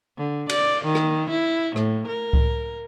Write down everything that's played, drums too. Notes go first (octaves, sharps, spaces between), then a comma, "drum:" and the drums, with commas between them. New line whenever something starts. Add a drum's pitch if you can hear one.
D3
D5, drum: cymbal
D#3
drum: rim click
E4
A2, drum: rim click
A#4
drum: kick C#2